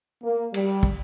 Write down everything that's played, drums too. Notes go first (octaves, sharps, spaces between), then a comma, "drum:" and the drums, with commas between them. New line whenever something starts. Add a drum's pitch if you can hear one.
A#3
G3, drum: cymbal
drum: kick